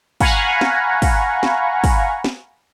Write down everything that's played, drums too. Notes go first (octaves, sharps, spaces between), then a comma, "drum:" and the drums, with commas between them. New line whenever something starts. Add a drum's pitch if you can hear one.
F5 F#5 G#5 A#5 B5 C#6, drum: kick, open hi-hat
drum: snare
drum: kick, open hi-hat
drum: snare
drum: kick, open hi-hat
drum: snare